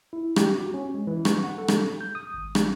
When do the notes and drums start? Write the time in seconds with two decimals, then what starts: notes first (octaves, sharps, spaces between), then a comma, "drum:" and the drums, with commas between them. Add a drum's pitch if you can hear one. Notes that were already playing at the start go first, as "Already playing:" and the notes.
0.13 E4
0.36 G4, drum: rim click
0.57 F#4
0.74 C#4
0.94 G#3
1.07 E3
1.25 C#6, drum: rim click
1.43 F#5
1.58 A4
1.68 drum: rim click
2.01 G6
2.15 D#6
2.34 G#1
2.55 drum: rim click